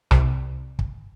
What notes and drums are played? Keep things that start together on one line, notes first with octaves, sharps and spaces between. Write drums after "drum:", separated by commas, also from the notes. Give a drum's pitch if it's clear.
C2, drum: rim click
drum: kick